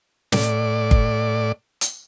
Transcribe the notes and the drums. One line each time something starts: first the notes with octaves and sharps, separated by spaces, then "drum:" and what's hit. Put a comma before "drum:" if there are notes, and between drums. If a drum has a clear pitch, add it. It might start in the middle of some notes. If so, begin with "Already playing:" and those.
A2 D5, drum: snare
drum: kick G1
drum: hi-hat